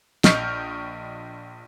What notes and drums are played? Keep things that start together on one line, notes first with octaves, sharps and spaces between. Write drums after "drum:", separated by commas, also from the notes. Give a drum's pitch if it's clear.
A#1 D#5 C#6 F6 G6, drum: snare